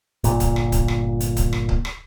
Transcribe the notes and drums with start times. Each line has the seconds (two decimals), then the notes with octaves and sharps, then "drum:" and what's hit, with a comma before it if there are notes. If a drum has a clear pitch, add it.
0.24 G1 A#2, drum: hi-hat
0.40 drum: kick C#1, hi-hat
0.56 drum: rim click
0.72 drum: kick C#1, hi-hat
0.88 drum: rim click
1.20 drum: hi-hat
1.37 drum: kick C#1, hi-hat
1.53 drum: rim click
1.69 drum: kick C#1
1.85 drum: rim click